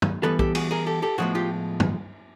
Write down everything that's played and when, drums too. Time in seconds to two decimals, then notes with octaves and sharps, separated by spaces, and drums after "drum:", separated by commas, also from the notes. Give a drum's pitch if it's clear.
0.02 drum: tom
0.23 E3 G3 B3 A4 B4
0.39 G4 A4, drum: kick B1
0.55 F#4 G#4, drum: cymbal
0.71 G#4 A#4
0.87 G4 A4
1.02 G4 A4
1.18 A2 F3 G#3 B3 F#4 G#4
1.35 F4 G4
1.80 drum: tom